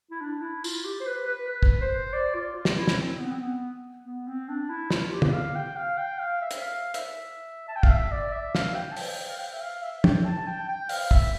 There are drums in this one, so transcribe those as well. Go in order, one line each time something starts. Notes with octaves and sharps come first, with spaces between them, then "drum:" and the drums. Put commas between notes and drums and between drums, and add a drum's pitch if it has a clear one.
E4
D4
E4
F4, drum: tambourine
G4
C5
B4
B4
B4
drum: kick
C5
D5
F4
F4
drum: snare
E4
drum: snare
C4
B3
C4
B3
B3
C4
D4
E4
F4, drum: snare
G4
drum: tom
F5
G5
F5
G5
F5
E5
drum: hi-hat
F5
E5, drum: hi-hat
A5
G5
F5, drum: kick
E5
D5
E5
F5, drum: snare
G5
A5
G5, drum: open hi-hat
F5
G5
E5
F5
E5
G5, drum: tom
A5
G5
G5
F5, drum: open hi-hat
E5, drum: kick